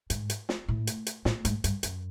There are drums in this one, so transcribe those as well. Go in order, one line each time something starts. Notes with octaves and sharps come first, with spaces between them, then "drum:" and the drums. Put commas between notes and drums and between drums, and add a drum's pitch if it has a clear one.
G#2, drum: hi-hat
drum: hi-hat
drum: snare
A2
drum: hi-hat
drum: hi-hat
A2, drum: snare
G#2, drum: hi-hat
G2, drum: hi-hat
F#2, drum: hi-hat